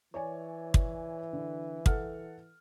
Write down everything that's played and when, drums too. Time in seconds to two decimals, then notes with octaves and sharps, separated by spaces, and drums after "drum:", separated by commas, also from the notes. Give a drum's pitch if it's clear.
0.14 E3 C#5 D5 G#5
0.74 drum: kick
1.33 D3
1.86 A4 F#5 F6, drum: kick